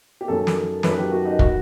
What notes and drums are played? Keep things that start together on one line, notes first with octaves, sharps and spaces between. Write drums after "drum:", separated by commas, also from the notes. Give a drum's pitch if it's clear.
G4
F#2 D#3 F#3 A4
drum: snare
F#2 D#3 F#3 B4, drum: snare
G4
F#4
D#4
D#3 F#3 F#4, drum: kick